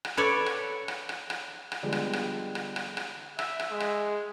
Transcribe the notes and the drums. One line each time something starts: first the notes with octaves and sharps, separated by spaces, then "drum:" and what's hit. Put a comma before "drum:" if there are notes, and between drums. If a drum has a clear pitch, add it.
drum: rim click
A4 B4 C#5 D5
drum: rim click
drum: rim click
drum: rim click
drum: rim click
drum: rim click
D3 F3 G3 G#3 B3
drum: rim click
drum: rim click
drum: rim click
drum: rim click
drum: rim click
E5, drum: rim click
drum: rim click
G#3
drum: rim click